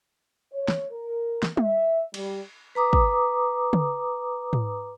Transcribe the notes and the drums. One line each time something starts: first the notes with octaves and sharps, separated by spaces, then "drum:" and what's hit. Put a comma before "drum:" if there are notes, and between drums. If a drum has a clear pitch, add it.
C#5
drum: snare
A#4
drum: snare
E5, drum: tom
G3, drum: cymbal
B4 A#5 D6 D#6
drum: kick
drum: tom
drum: tom G#2